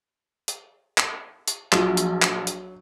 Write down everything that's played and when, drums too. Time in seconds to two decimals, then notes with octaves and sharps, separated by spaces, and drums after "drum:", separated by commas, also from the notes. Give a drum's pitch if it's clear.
0.48 drum: hi-hat
0.98 drum: clap
1.48 drum: hi-hat
1.72 A#1 F3 F#3, drum: clap
1.97 drum: hi-hat
2.22 drum: clap
2.47 drum: hi-hat